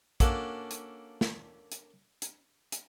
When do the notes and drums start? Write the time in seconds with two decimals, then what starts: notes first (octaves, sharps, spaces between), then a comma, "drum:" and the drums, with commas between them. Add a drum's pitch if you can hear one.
0.20 A#3 C#4 D4 F#4 A4, drum: kick, hi-hat
0.71 drum: hi-hat
1.21 drum: snare
1.72 drum: hi-hat
2.22 drum: hi-hat
2.72 drum: hi-hat